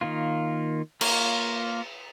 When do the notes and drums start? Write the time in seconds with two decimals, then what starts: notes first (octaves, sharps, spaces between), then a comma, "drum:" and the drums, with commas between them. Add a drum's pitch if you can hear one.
0.01 D#3 A#3 F4
1.01 A#3 F4 A#4 C#5, drum: cymbal